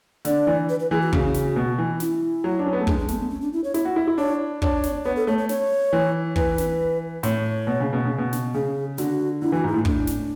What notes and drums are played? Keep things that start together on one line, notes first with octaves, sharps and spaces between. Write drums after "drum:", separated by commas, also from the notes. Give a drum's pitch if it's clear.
D3 D5, drum: snare
E3
B4
B4
E3 G#4
F#4
C#3, drum: kick
drum: snare
B2
E3
E4, drum: snare
F#3
D4
C#4
B3
A3
G#3 D4, drum: kick
D4
A3 B3, drum: snare
B3
C#4
D4
E4
C#5
E4, drum: snare
F#4
E4
E4
D4 C#5
D4 C#5, drum: kick
drum: snare
B3 C#5
A4
A3 C#5
C#5
C#5, drum: snare
E3
E3 B4, drum: kick
drum: snare
A2 C#5, drum: snare
B2
C#3
B2
C#3
B2
drum: snare
C#3 G#4
D3 F#4, drum: snare
D3 E4
E3 F#4
G#2 E4
A2
A2 D4, drum: kick
drum: snare